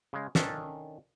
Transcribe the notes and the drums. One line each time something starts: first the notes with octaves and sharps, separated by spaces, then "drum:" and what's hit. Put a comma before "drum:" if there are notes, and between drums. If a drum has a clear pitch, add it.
C#3 G#3
D#3 C#4 D4 A4, drum: snare